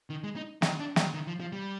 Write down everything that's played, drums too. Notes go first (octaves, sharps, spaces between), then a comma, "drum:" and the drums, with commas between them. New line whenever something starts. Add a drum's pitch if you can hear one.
D#3
G#3
D#4
D#4, drum: snare
D4
G3, drum: snare
D#3
F3
F3
G3